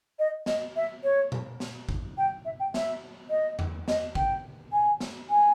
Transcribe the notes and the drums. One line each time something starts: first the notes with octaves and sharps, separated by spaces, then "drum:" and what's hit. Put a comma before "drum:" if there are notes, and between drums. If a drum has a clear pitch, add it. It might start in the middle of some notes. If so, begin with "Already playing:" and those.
D#5
D#5, drum: snare
E5
C#5
drum: tom A#2
drum: snare
drum: kick G#1
G5
E5
G5
E5, drum: snare
D#5
drum: tom E2
D#5, drum: snare
G5, drum: kick G#1
G#5
drum: snare
G#5